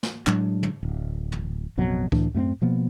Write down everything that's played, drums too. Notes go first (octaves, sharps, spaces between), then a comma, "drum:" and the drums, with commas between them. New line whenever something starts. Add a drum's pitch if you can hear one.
drum: snare
A2 F#3 G#3 D4, drum: clap
drum: tom
D1
drum: tom
A1 F2 B2 F#3
D2 A2 E3 D4, drum: kick C#2
F#2 A3 B3 C4
B2 F3 A#3 B3